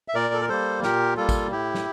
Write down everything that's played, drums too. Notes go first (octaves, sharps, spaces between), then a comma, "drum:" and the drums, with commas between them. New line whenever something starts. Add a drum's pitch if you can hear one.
E5
A#2 A#4 D5
A4
A#4
G3 A#3 A4 C5
A#2 G4 A#4, drum: snare
G3 A#3 F4 A4
drum: kick, tambourine
A2 E4 G4
drum: snare